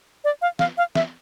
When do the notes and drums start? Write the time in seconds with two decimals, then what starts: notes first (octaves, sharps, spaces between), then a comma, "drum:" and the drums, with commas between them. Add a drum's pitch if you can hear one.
0.24 D5
0.42 F5
0.59 F5, drum: snare
0.78 F5
0.95 E5, drum: snare